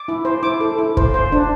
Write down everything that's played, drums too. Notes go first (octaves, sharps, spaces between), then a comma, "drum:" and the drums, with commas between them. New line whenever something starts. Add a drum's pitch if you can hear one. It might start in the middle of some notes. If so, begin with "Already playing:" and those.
Already playing: D6
E4
C5
E4 D6
A4
E4
C5, drum: kick
C5
D4